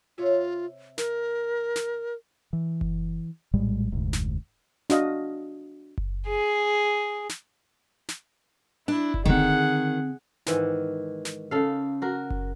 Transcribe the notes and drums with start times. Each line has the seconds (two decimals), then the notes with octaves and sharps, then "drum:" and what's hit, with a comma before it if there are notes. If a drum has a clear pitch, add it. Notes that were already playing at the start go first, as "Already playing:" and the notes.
0.18 C3 F4 C#5 E5
0.98 A#4, drum: snare
1.76 drum: snare
2.53 E3
2.81 drum: kick F#1
3.53 A#1 A2 G3 G#3
3.92 F1 D2 G#2
4.13 drum: snare
4.90 D4 F#4 D#5 F5, drum: snare
5.98 drum: kick F#1
6.28 G#4
7.29 drum: snare
8.09 drum: snare
8.88 D4 E4
9.14 drum: kick F#1
9.25 D3 D#3 C4 G#4 F#5
10.46 G#2 D#3 E3, drum: snare
11.25 drum: snare
11.51 C#3 A4 F5
12.02 F#4 A#4
12.30 drum: kick F#1